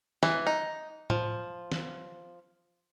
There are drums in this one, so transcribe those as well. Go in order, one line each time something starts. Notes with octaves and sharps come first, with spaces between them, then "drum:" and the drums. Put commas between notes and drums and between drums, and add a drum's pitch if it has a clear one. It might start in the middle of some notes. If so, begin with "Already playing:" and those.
E3, drum: snare
D#4
F3, drum: tom A2
drum: snare